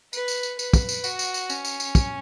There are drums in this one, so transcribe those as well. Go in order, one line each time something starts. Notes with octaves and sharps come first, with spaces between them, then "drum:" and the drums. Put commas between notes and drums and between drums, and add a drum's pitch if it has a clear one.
B4, drum: tambourine
drum: tambourine
drum: tambourine
B4, drum: tambourine
drum: kick, tambourine
drum: tambourine
F#4, drum: tambourine
drum: tambourine
drum: tambourine
C#4, drum: tambourine
drum: tambourine
drum: tambourine
drum: kick, tambourine